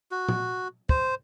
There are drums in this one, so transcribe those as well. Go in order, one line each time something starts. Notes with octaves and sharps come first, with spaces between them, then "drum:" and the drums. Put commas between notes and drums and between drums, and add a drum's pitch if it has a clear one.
F#4
drum: tom A#2
C5, drum: kick